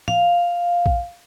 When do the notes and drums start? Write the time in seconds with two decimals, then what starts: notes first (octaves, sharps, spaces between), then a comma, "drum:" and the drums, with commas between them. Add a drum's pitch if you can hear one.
0.08 F5, drum: tom
0.86 drum: kick A#1